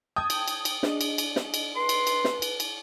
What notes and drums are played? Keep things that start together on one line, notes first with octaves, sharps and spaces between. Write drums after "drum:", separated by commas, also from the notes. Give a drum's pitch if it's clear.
G5 A5 D#6 G#6
drum: cymbal
drum: cymbal
drum: cymbal
D4 G#4 D#5, drum: snare
drum: cymbal
drum: cymbal
drum: snare
drum: cymbal
B4 C6
drum: cymbal
drum: cymbal
drum: snare
drum: cymbal
drum: cymbal